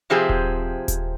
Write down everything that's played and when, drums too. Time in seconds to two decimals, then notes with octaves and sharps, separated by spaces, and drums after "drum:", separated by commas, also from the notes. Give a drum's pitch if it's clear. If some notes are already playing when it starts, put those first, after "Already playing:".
0.10 C3 F3 C4 G4 G#4
0.29 drum: kick D#1
0.88 drum: kick D#1, hi-hat